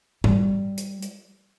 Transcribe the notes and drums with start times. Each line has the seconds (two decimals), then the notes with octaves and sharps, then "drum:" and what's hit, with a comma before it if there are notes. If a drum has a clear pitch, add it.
0.24 G3, drum: tom G#2
0.78 drum: hi-hat
1.02 drum: hi-hat